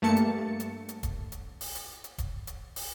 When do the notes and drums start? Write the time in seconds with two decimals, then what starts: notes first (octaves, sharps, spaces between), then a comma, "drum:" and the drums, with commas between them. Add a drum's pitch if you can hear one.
0.02 G2 A3 A#3 A5 C#7
0.16 drum: hi-hat
0.60 drum: hi-hat
0.89 drum: hi-hat
1.03 drum: kick D#1, hi-hat
1.32 drum: hi-hat
1.61 drum: open hi-hat
1.75 drum: hi-hat
2.04 drum: hi-hat
2.18 drum: kick D#1, hi-hat
2.47 drum: hi-hat
2.76 drum: open hi-hat